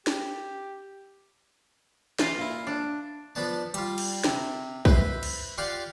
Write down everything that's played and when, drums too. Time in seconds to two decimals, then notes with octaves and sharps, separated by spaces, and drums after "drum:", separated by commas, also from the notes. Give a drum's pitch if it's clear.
0.07 G4, drum: snare
2.19 E3 F4 D#5 F5, drum: snare
2.38 A#2 E4
2.67 D4
3.35 F3 B3 D4 A5
3.74 G3 F4, drum: hi-hat
3.98 drum: cymbal
4.24 C3, drum: snare
4.85 B4 C5 E5, drum: kick B1
5.23 drum: cymbal
5.58 F4 G4 D5 F5 F#5 C6